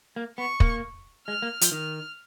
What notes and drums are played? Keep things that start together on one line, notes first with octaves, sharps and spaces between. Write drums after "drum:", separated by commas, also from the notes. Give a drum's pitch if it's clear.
A#3
B3 C#6
A#3, drum: kick
G#3 F6
A#3
F3, drum: hi-hat
D#3 F6